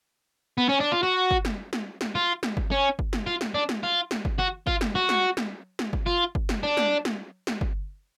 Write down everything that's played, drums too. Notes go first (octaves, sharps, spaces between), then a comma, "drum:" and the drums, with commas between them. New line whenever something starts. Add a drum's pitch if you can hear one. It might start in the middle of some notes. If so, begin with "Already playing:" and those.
B3
C#4
D4
F4
F#4
drum: kick G1
drum: snare
drum: snare
drum: snare
F4
drum: snare
drum: kick G1
C#4
drum: kick G1
drum: snare
F4
drum: snare
D4
drum: snare
F4
drum: snare
drum: kick G1
F#4
F4, drum: kick G1
drum: snare
F#4
drum: snare
drum: snare
drum: snare
drum: kick G1
F4
drum: kick G1
drum: snare
D4
drum: snare
drum: snare
drum: snare
drum: kick G1